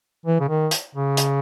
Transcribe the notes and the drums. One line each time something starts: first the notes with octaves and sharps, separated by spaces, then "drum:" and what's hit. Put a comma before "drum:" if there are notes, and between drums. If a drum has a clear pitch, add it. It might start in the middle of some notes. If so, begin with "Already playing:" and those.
E3
C#3
D#3
drum: hi-hat
C#3
drum: hi-hat